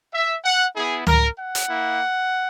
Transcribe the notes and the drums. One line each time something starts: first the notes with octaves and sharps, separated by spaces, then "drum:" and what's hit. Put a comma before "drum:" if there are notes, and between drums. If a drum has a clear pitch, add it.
E5
F#5
B3 E4 G#4
A#4, drum: tom C#2
F#5
drum: hi-hat
A#3 E4